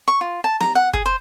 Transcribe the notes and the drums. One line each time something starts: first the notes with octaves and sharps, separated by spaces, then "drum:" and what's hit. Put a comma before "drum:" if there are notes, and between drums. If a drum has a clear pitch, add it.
C#6
F4
A5
A#5, drum: snare
F#5
G#4, drum: kick
C5